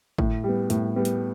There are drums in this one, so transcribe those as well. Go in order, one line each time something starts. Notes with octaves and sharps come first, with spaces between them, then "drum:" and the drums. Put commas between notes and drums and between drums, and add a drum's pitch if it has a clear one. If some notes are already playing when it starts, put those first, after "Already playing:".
A2, drum: kick G#1
G3 B3
A2, drum: hi-hat
G3 B3
drum: hi-hat